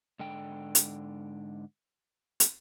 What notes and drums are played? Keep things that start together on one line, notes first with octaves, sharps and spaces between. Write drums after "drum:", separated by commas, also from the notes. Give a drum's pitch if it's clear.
G#2 D3 G5
drum: hi-hat
drum: hi-hat